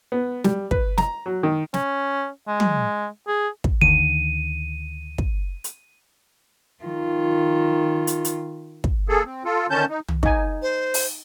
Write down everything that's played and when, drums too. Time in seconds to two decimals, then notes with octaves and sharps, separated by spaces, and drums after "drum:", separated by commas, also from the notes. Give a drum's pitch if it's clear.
0.12 B3
0.44 G3, drum: snare
0.71 B4, drum: kick
0.98 A#5, drum: snare
1.26 F#3
1.43 D#3
1.74 C#4, drum: snare
2.47 G#3
2.60 drum: tom
3.27 G#4
3.64 drum: kick
3.82 D2 D3 D#3 D#7
5.18 drum: kick
5.64 drum: hi-hat
6.84 D#3 F4
8.07 drum: hi-hat
8.25 drum: hi-hat
8.84 drum: kick
9.09 A#3 G#4 A4
9.26 C4
9.45 F4 A4
9.70 D3 D#3 C#4 A5 G6
9.89 D#4
10.09 drum: tom
10.23 D#4 G#5, drum: kick
10.62 C5
10.94 drum: open hi-hat